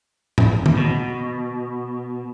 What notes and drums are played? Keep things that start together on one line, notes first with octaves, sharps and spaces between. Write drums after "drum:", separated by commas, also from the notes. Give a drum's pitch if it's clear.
drum: tom A2
drum: tom
B2